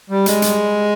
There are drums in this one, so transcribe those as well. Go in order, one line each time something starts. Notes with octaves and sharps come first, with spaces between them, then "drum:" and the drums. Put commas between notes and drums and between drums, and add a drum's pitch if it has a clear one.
G3
G#3, drum: hi-hat
drum: hi-hat